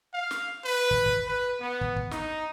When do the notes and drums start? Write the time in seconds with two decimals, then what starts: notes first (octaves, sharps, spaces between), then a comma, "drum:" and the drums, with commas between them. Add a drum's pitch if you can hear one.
0.14 F5
0.31 drum: snare
0.65 B4
0.91 drum: kick
1.06 drum: kick
1.27 B4
1.61 B3
1.81 drum: kick
1.96 drum: kick
2.11 D#4, drum: snare